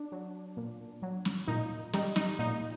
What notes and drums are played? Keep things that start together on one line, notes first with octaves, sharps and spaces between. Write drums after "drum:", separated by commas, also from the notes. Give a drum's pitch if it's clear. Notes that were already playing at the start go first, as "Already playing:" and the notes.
Already playing: D4
F#3
A#2
F#3
drum: snare
A#2 D#4
G3 D#4, drum: snare
D#4, drum: snare
A#2 D#4